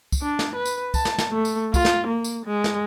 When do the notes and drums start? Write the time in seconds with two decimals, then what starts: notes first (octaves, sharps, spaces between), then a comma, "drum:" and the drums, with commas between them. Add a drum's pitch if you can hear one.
0.12 drum: kick, tambourine
0.22 D4
0.39 drum: snare
0.55 B4
0.65 drum: tambourine
0.94 A5, drum: kick, tambourine
1.05 drum: snare
1.18 drum: snare
1.32 A3
1.45 drum: tambourine
1.74 F4, drum: kick, tambourine
1.85 drum: snare
2.07 A#3
2.24 drum: tambourine
2.45 G#3
2.64 drum: snare